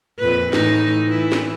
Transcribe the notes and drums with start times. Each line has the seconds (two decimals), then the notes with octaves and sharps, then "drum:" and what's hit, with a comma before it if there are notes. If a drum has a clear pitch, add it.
0.19 F2 A#2 B4
0.53 A2 E3 D#4, drum: snare
1.06 E3 E4
1.32 drum: snare